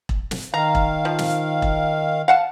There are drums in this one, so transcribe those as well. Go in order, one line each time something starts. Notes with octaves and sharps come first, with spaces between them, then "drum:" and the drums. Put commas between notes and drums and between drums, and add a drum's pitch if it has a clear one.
drum: kick E1
drum: snare
D#3 F5 A#5
drum: kick E1
F3
drum: snare
drum: kick E1
F5 F#5 A5